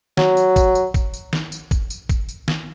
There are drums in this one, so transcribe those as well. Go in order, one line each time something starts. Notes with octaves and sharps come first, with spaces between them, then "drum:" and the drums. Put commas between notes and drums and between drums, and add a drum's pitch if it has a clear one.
F#3, drum: snare
drum: tambourine
drum: kick G#1, tambourine
drum: tambourine
drum: kick G#1, tambourine
drum: tambourine
drum: snare
drum: tambourine
drum: kick G#1, tambourine
drum: tambourine
drum: kick G#1, tambourine
drum: tambourine
drum: snare